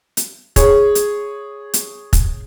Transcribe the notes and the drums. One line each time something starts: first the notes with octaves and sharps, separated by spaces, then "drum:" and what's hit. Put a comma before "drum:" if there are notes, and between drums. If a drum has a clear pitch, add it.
drum: hi-hat
G#4 C#5, drum: kick, hi-hat
drum: hi-hat
drum: hi-hat
drum: kick, hi-hat